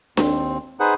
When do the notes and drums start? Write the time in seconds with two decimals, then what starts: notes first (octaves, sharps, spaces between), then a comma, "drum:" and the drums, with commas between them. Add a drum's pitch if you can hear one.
0.17 D#2 C4, drum: snare D4
0.80 D#4 G#4 B4 C5 F#5